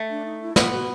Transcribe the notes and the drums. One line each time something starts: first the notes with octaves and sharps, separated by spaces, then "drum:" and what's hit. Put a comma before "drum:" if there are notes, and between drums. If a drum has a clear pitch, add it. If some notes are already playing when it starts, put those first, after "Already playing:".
Already playing: A3
D4
D#4
E4
B3 F4, drum: snare
F#4